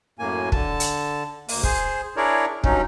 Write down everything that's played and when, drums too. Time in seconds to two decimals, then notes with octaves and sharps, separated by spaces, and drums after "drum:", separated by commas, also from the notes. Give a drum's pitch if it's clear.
0.19 F#2 A2 A#3 G#5
0.52 D3 A5, drum: kick
0.80 drum: hi-hat
1.48 D2 A#3, drum: open hi-hat
1.63 G#4 C5, drum: kick
2.17 D4 E4 G#4 A#4 C#5 D5
2.64 G2 F#3 C#4 D#4, drum: kick